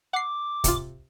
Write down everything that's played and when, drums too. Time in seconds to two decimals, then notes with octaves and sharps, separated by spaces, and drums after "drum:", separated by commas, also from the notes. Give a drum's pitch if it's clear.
0.13 F#5 D6 C7
0.64 C3 F4, drum: kick, hi-hat